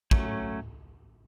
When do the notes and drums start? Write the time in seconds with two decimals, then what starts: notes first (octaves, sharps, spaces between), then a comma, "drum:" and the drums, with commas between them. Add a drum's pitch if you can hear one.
0.11 F#3 A3 C#4, drum: kick